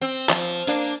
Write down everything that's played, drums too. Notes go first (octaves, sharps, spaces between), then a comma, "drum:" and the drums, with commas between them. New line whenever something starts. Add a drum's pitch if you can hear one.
C4
F3, drum: clap
A#3 D4, drum: tambourine